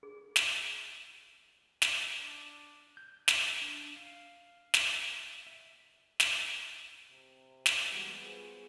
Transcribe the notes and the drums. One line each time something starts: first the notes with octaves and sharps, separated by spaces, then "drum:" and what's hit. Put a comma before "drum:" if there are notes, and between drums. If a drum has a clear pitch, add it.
G#4
drum: snare
drum: snare
D4
G6
drum: snare
D4
F5
drum: snare
E5
drum: snare
C3
drum: snare
E3 G3 G#3 B3 F#4
F4 G#4 B4 C5 C#6